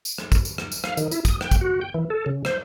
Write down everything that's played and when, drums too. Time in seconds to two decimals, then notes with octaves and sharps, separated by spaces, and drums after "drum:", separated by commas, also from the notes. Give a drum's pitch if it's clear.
0.05 drum: tambourine
0.18 drum: rim click
0.32 drum: kick, tambourine
0.45 drum: tambourine
0.58 drum: rim click
0.72 drum: tambourine
0.84 F5, drum: rim click
0.97 D#3, drum: tambourine
1.11 E4, drum: tambourine
1.25 D#6, drum: kick, tambourine
1.41 G5, drum: rim click
1.51 drum: kick, tambourine
1.61 F#4
1.81 G5
1.94 E3
2.10 A4
2.26 C#3
2.45 C5, drum: rim click